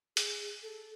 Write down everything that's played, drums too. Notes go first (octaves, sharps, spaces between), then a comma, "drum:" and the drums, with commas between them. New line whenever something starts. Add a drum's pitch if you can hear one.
G#4, drum: hi-hat
A4